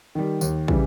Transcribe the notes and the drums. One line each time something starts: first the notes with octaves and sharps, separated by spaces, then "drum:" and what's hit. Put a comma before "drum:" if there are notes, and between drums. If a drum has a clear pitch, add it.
D#3 G3
D#2, drum: tambourine
C#3 E3 G3, drum: kick